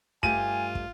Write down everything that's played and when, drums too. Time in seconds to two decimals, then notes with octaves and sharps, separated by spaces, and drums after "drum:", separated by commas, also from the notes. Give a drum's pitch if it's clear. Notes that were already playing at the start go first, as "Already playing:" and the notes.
0.23 G2 A3 F4 G4 G#5 D#7, drum: kick
0.75 drum: kick